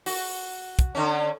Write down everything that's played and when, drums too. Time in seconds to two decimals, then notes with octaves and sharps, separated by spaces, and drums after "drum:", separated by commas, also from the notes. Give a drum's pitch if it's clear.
0.06 F#4, drum: open hi-hat
0.79 drum: kick, hi-hat
0.95 D3 C#4